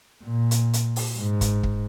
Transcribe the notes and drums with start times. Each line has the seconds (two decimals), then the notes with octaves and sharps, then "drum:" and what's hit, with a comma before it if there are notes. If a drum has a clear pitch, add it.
0.24 A#2
0.51 drum: hi-hat
0.73 drum: hi-hat
0.96 drum: open hi-hat
1.18 G#2
1.41 drum: kick, hi-hat
1.63 drum: kick